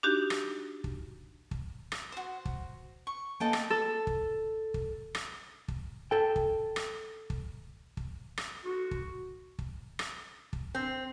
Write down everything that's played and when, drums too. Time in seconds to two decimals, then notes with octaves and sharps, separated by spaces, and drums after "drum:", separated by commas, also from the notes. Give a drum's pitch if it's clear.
0.03 D4 D#4 F#4 G4
0.30 drum: rim click
0.84 drum: kick
1.51 drum: kick
1.92 drum: rim click
2.12 F#4 C5
2.45 drum: kick
3.07 C#6
3.40 A#3 C#4 A4 B4 D#5 G5
3.53 drum: rim click
3.70 A4
4.07 drum: kick
4.74 drum: kick
5.15 drum: rim click
5.68 drum: kick
6.11 A4 G5
6.36 drum: kick
6.76 drum: rim click
7.30 drum: kick
7.97 drum: kick
8.37 drum: rim click
8.65 F#4
8.91 drum: kick
9.59 drum: kick
9.99 drum: rim click
10.53 drum: kick
10.75 C4